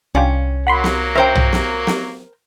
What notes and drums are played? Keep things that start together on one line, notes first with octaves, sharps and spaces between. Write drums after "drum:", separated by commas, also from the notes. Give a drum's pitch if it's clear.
C2 C#4 D4 F4 G4
F#3 A#3 F#5 B5 C6
drum: snare
C#4 A#4 C5 E5 G5 A#5
drum: tom
drum: snare
drum: snare